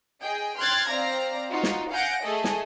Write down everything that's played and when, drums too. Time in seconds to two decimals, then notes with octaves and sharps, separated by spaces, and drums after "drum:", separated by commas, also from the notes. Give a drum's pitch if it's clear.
0.22 G#4 D#5 G5
0.58 G5 C6 F6 F#6 G#6 A6
0.88 C4 D5 F5 A#5 A#6
1.50 D#4 F4 F#4
1.63 drum: snare
1.91 F5 F#5 G#5 G6 A#6 D7
2.23 A3 G#4 A4 D#5
2.44 drum: snare